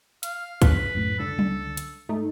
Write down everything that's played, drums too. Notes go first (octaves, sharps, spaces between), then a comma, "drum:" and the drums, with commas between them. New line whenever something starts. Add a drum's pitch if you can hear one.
F5, drum: hi-hat
B4, drum: kick, hi-hat
F#2 A2
C#2 D3 A4
drum: tom F#3
drum: hi-hat
G#2 A3 D#4